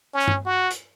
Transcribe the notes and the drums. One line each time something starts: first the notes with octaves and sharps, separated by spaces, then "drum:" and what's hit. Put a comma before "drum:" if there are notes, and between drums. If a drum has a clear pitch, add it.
C#4
drum: tom G2
F#4
drum: hi-hat